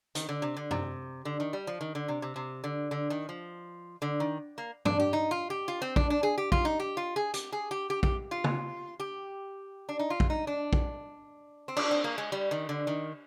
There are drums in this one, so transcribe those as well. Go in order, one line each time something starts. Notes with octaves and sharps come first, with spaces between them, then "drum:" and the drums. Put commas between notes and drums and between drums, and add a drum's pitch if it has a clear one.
D#3, drum: hi-hat
D3
C3
D3
C3, drum: tom F#2
D3
D#3
G3
F3
D#3
D3
C3
C3
C3
D3
D3
D#3
F3
D3
D#3
A#3
D4, drum: tom G2
G4
D#4
F4
G4
F4
C4
D4, drum: kick A#1
D4
G#4
G4
F4, drum: kick A#1
D#4
G4
F4
G#4
G4, drum: hi-hat
G#4
G4
G4
G4, drum: kick A#1
F4
drum: tom C#3
G4
D4
D#4
F4
drum: kick A#1
D#4
D4
drum: kick A#1
C4
D4, drum: cymbal
C4
A#3
G#3
G3
D#3
D3
D#3